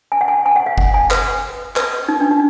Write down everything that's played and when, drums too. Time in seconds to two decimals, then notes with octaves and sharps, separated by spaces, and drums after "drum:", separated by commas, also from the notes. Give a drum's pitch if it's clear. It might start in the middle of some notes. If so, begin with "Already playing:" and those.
0.12 G#5
0.21 F#5
0.28 G#5
0.46 G#5
0.56 F#5
0.66 F5
0.78 F#5, drum: kick G1
0.94 G#5
1.11 B4, drum: clap
1.76 B4, drum: clap
2.09 D#4
2.21 D4
2.31 D#4